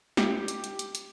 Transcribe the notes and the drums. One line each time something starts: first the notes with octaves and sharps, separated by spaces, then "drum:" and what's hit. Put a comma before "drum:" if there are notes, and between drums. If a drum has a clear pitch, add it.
G4, drum: snare
drum: hi-hat
drum: hi-hat
drum: hi-hat
drum: hi-hat